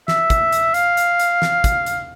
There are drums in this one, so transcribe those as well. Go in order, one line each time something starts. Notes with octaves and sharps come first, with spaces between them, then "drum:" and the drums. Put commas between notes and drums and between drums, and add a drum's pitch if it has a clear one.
E5, drum: snare
drum: kick, hi-hat
drum: hi-hat
F5, drum: hi-hat
drum: hi-hat
drum: hi-hat
drum: snare
drum: kick, hi-hat
drum: hi-hat